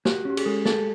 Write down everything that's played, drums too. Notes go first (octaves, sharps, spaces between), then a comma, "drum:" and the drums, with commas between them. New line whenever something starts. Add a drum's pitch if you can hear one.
F#4 G4, drum: snare
C#4 G4
G#4, drum: cymbal
G#3 A4
G#4 A4, drum: snare